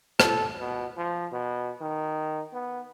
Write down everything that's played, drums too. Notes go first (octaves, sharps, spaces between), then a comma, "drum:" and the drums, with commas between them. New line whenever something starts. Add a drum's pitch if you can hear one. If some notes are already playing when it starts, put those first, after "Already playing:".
A4, drum: rim click
B2
F3
B2
D#3
B3